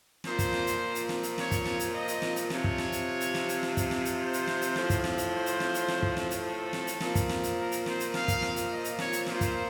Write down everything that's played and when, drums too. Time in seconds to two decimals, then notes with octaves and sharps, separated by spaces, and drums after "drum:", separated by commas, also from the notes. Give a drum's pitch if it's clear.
0.24 A#2 F3 C5, drum: snare
0.39 drum: kick, hi-hat
0.53 drum: snare
0.67 drum: hi-hat
0.95 drum: hi-hat
1.09 drum: snare
1.23 drum: hi-hat
1.38 C#5, drum: snare
1.51 drum: kick, hi-hat
1.65 drum: snare
1.80 drum: hi-hat
1.93 D#5
2.08 drum: hi-hat
2.22 drum: snare
2.36 drum: hi-hat
2.50 C3 F3 C#5, drum: snare
2.64 drum: kick
2.78 drum: snare
2.92 drum: hi-hat
3.21 drum: hi-hat
3.35 drum: snare
3.49 drum: hi-hat
3.63 drum: snare
3.77 drum: kick, hi-hat
3.91 drum: snare
4.05 drum: hi-hat
4.19 C5
4.33 drum: hi-hat
4.47 drum: snare
4.61 drum: hi-hat
4.76 A2 F3, drum: snare
4.90 drum: kick, hi-hat
5.04 drum: snare
5.18 drum: hi-hat
5.32 C5
5.46 drum: hi-hat
5.60 drum: snare
5.74 drum: hi-hat
5.88 drum: snare
6.02 drum: kick
6.17 drum: snare
6.31 drum: hi-hat
6.45 A4
6.73 drum: snare
6.87 drum: hi-hat
7.01 A#2 F3, drum: snare
7.15 drum: kick, hi-hat
7.29 drum: snare
7.43 drum: hi-hat
7.57 A#4
7.72 drum: hi-hat
7.86 C5, drum: snare
8.00 drum: hi-hat
8.14 F5, drum: snare
8.28 drum: kick, hi-hat
8.42 drum: snare
8.56 drum: hi-hat
8.70 D#5
8.84 drum: hi-hat
8.99 C#5, drum: snare
9.13 drum: hi-hat
9.26 A#2 F3 C5, drum: snare
9.41 drum: kick, hi-hat